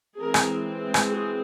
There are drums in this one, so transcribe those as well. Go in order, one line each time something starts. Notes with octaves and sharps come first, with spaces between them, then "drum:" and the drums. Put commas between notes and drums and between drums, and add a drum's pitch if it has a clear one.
E3 G#3 C4 G#4 A#4
drum: rim click
drum: rim click
F#4 G#4